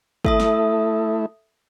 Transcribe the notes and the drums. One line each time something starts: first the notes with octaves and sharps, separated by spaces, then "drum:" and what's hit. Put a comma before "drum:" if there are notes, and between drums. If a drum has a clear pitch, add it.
A3 E4 A4 E5 D#6, drum: kick G#1
drum: snare